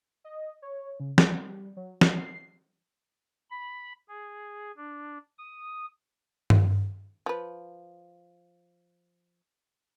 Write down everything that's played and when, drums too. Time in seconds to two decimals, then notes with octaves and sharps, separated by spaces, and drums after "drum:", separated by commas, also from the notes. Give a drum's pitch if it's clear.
0.24 D#5
0.62 C#5
1.00 C#3
1.18 G3, drum: snare
1.77 F#3
2.01 C7, drum: snare
3.50 B5
4.09 G#4
4.77 D4
5.38 D#6
6.50 drum: tom G2
7.26 F3 B4